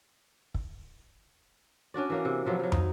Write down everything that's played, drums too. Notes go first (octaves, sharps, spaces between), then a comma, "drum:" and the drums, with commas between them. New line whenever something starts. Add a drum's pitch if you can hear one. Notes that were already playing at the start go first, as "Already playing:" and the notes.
drum: kick
C#4 D4 F#4 D5
E3 A#3 C#4
C3
C3 F3 F#3 B3
F3 F#3
D#4, drum: tom